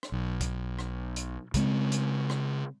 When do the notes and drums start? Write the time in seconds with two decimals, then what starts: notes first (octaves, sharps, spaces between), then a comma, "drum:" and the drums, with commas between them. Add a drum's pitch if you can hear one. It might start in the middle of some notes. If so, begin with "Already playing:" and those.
0.03 drum: rim click
0.12 B1
0.41 drum: kick, hi-hat
0.79 drum: rim click
1.16 drum: hi-hat
1.54 C#3 G#3 C4, drum: kick, hi-hat
1.92 drum: hi-hat
2.30 drum: rim click